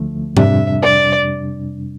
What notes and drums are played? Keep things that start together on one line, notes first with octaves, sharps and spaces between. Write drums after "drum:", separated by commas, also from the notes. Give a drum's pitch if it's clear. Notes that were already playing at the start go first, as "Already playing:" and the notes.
Already playing: D2 D3 F3 A3
F2 C3 G3 D4 E5, drum: tom G#2
D5